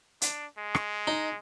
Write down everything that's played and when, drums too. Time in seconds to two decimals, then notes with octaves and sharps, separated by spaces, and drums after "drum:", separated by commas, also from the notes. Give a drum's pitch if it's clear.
0.22 D4, drum: hi-hat
0.58 G#3
0.75 drum: rim click
1.07 D#4